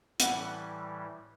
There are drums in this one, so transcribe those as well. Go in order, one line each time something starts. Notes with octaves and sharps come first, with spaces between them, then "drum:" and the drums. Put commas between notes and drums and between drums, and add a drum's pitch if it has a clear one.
A2 E3 G3 F#5, drum: hi-hat